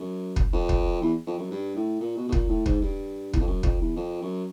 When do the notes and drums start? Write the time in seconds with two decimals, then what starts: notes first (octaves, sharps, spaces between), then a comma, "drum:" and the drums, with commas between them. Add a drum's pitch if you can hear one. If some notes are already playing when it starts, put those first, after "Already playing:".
Already playing: F#2
0.36 drum: kick
0.53 F2
0.69 drum: kick
1.02 E2
1.27 F2
1.38 F#2
1.51 G2
1.75 A2
2.00 A#2
2.16 B2
2.28 B2
2.32 A#2, drum: kick
2.49 A2
2.66 G#2, drum: kick
2.81 G2
3.33 E2, drum: kick
3.40 F2
3.47 F#2
3.63 F2, drum: kick
3.81 E2
3.96 F2
4.22 F#2